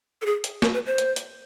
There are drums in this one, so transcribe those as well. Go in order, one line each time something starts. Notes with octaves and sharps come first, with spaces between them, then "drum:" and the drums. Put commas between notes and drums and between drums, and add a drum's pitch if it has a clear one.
A4
G#4
drum: hi-hat
A#4, drum: snare
B4
C5
drum: hi-hat
drum: hi-hat